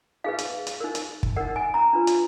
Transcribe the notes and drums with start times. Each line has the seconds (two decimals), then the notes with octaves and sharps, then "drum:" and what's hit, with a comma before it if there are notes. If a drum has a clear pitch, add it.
0.24 D#4 G#4 B4 F5
0.38 drum: hi-hat
0.67 drum: hi-hat
0.80 D#4 A#4
0.95 drum: hi-hat
1.23 drum: kick
1.37 D#4 A#4 F#5
1.56 G#5
1.74 A#5
1.93 D4 F4 B4
2.07 drum: hi-hat